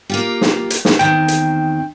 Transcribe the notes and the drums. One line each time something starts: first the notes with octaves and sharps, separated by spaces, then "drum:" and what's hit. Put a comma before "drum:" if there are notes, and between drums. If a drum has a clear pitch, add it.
A#3 F4 G4
drum: snare
drum: hi-hat
drum: snare
E2 D#3 C4 G5
drum: hi-hat